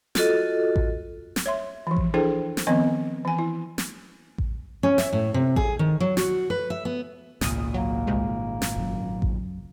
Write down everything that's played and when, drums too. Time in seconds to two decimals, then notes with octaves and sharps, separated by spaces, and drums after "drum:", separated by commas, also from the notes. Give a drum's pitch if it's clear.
0.15 F4 F#4 A4 D#5, drum: snare
0.76 drum: kick A1
1.36 drum: snare
1.46 C#5 E5 C6
1.87 E3 F3
1.97 drum: kick A1
2.14 D4 E4 G#4 A4 C5 G5
2.57 drum: snare
2.67 D#3 F3 B3 C4 D#5 G#5
3.25 E3 G#5
3.39 E4
3.78 drum: snare
4.38 drum: kick A1
4.83 C#4
4.98 E5, drum: snare
5.13 A2
5.34 C3
5.56 G#4, drum: kick A1
5.79 D#3
6.00 F#3
6.17 F#4, drum: snare
6.50 B4
6.70 E5
6.85 B3
7.41 G#1 C#2 A#2 D#6, drum: snare
7.74 F#3 A#3
8.07 C2 C3 G#3
8.62 drum: snare
8.76 F#1 F#2
9.22 drum: kick A1